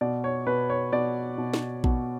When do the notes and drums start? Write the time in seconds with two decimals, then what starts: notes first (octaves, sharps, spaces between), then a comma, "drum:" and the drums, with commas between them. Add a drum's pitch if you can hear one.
0.01 B2 D5
0.24 C#5
0.47 B2 B4
0.70 C#5
0.93 B2 D5
1.38 B2
1.54 drum: snare
1.84 B2, drum: kick A#1